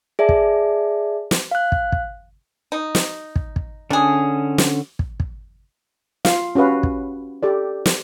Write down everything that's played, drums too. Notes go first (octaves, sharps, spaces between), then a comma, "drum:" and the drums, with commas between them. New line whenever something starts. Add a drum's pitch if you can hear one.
G#4 D5 E5 A5
drum: kick
drum: snare
F5 F#6
drum: kick
drum: kick
D#4
drum: snare
drum: kick
drum: kick
D3 C#4 D4 G#4
drum: snare
drum: kick
drum: kick
F4 F5, drum: snare
C#4 F#4 G4 B4 F5
drum: kick
G4 A4 D5
drum: snare